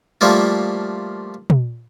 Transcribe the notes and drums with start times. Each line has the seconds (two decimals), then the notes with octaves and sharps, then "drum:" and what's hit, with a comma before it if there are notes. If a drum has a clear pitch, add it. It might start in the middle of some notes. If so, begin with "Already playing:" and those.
0.21 F3 G3 A3 A#3 F4
1.50 drum: tom